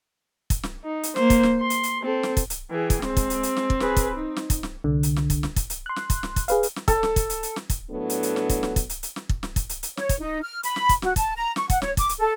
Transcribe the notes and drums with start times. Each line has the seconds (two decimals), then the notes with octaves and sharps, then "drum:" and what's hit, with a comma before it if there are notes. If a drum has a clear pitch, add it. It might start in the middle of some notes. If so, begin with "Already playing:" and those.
0.50 drum: kick, hi-hat
0.63 drum: snare
0.84 D#4
1.03 drum: hi-hat
1.16 A#3 C5, drum: snare
1.30 drum: kick, hi-hat
1.43 drum: snare
1.60 C6
1.70 drum: hi-hat
1.83 drum: hi-hat
2.03 C4 A4
2.23 drum: snare
2.37 drum: kick, hi-hat
2.50 drum: hi-hat
2.70 E3 G#4 G5
2.90 drum: kick, hi-hat
3.02 G#3 C4, drum: snare
3.17 drum: kick, hi-hat
3.30 drum: hi-hat
3.43 drum: hi-hat
3.57 drum: snare
3.70 drum: kick
3.80 G#4 B4, drum: snare
3.97 drum: kick, hi-hat
4.16 D#4
4.36 drum: snare
4.50 drum: kick, hi-hat
4.63 drum: snare
4.84 C2 D3
5.03 drum: hi-hat
5.16 drum: snare
5.30 drum: kick, hi-hat
5.43 drum: snare
5.56 drum: kick, hi-hat
5.70 drum: hi-hat
5.86 C6 F#6
5.96 drum: snare
6.10 drum: kick, hi-hat
6.23 drum: snare
6.36 drum: kick, hi-hat
6.48 G#4 B4 F5, drum: hi-hat
6.63 drum: hi-hat
6.76 drum: snare
6.88 A4, drum: kick, hi-hat
7.03 drum: snare
7.16 drum: kick, hi-hat
7.30 drum: hi-hat
7.43 drum: hi-hat
7.56 drum: snare
7.70 drum: kick, hi-hat
7.90 A2 F#3 B3 D4 A4
8.10 drum: hi-hat
8.23 drum: hi-hat
8.36 drum: snare
8.49 drum: kick, hi-hat
8.63 drum: snare
8.76 drum: kick, hi-hat
8.89 drum: hi-hat
9.03 drum: hi-hat
9.16 drum: snare
9.29 drum: kick
9.43 drum: snare
9.56 drum: kick, hi-hat
9.69 drum: hi-hat
9.83 drum: hi-hat
9.97 C#5, drum: snare
10.09 drum: kick, hi-hat
10.19 D#4
10.42 F6
10.63 B5, drum: hi-hat
10.76 drum: snare
10.89 drum: kick, hi-hat
11.02 F#4, drum: snare
11.16 A5, drum: kick, hi-hat
11.36 A#5
11.56 C#6, drum: snare
11.70 F#5, drum: kick, hi-hat
11.82 C#5, drum: snare
11.97 D6, drum: kick, hi-hat
12.09 drum: hi-hat
12.19 A4